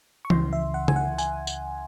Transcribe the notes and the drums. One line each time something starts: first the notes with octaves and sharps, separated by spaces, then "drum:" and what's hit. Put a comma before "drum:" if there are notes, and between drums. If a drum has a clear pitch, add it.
C#6
C#2 C#3 E3 C6, drum: tom E3
E5
F#5
G#5, drum: tom C#3
F#5
G#5, drum: tambourine
drum: tambourine